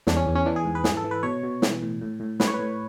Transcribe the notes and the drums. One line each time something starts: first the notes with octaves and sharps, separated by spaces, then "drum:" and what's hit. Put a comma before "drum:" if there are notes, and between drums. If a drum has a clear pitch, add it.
E2 D4, drum: snare
C#4
E2
C#4
E3 D4
G#4
G#2
B4
E3 G#4, drum: snare
A4
E3
B4
B2 C#5
B2
E3, drum: snare
A2
A2
A2
A2 B4, drum: snare
C#5
B4
A2